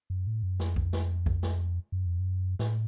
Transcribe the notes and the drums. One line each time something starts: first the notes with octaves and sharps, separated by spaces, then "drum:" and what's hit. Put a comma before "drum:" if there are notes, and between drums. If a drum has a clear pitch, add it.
F#2
A2
F#2
F2, drum: snare
drum: kick B1
drum: snare
drum: kick B1
drum: snare
F#2
F2
F#2
A2, drum: snare